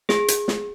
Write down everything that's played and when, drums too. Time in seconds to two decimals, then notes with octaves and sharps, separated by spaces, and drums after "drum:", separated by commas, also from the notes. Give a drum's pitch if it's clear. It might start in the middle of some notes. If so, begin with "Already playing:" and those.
0.09 G#4, drum: snare
0.28 drum: hi-hat
0.48 drum: snare